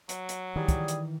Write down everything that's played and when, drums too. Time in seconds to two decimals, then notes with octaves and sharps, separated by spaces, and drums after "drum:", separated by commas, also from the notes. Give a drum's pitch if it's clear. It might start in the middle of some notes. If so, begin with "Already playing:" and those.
0.09 F#3, drum: hi-hat
0.29 drum: hi-hat
0.56 D#3 E3 G3 G#4
0.68 drum: kick, hi-hat
0.88 drum: hi-hat